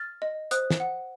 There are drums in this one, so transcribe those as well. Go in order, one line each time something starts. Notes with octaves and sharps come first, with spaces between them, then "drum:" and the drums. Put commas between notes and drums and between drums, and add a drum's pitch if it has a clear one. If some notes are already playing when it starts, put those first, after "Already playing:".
Already playing: F6 A6
D#5
C5 D#6 F#6, drum: hi-hat
drum: snare
F#5